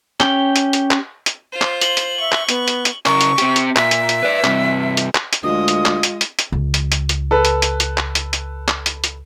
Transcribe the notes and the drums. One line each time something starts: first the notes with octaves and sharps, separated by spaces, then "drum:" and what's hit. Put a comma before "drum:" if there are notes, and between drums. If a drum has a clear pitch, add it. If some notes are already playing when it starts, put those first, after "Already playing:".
C#4 G4 G5, drum: clap
drum: hi-hat
drum: hi-hat
drum: clap
drum: hi-hat
F4 C5
drum: clap
F#7 G7, drum: hi-hat
drum: hi-hat
E5 C#6
drum: clap
B3, drum: hi-hat
drum: hi-hat
drum: hi-hat
C#3 A#4 C#6, drum: clap
drum: hi-hat
C4 G4, drum: hi-hat
drum: hi-hat
A#2 E5, drum: clap
drum: hi-hat
drum: hi-hat
B4 D5
G2 C3, drum: clap
drum: hi-hat
drum: clap
drum: hi-hat
D2 G#3 F4 D#5 D#6
drum: hi-hat
drum: clap
drum: hi-hat
drum: hi-hat
drum: hi-hat
C#2
drum: hi-hat
drum: hi-hat
drum: hi-hat
A4 B4
drum: hi-hat
drum: hi-hat
drum: hi-hat
drum: clap
drum: hi-hat
drum: hi-hat
drum: clap
drum: hi-hat
drum: hi-hat